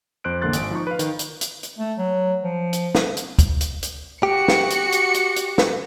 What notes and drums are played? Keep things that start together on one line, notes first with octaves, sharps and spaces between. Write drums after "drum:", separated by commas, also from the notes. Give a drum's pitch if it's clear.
F2 C5 F#6 D7
A1 D3 A#3 C6 F#6 A6
G#1 D7, drum: hi-hat
F3 D#4 C#6
B4 F5
D#3, drum: hi-hat
drum: hi-hat
drum: hi-hat
drum: hi-hat
A3
F#3
F3
drum: hi-hat
drum: snare
drum: hi-hat
drum: kick, hi-hat
drum: hi-hat
drum: hi-hat
F#4 G4 C#7
drum: snare
drum: hi-hat
drum: hi-hat
drum: hi-hat
drum: hi-hat
drum: snare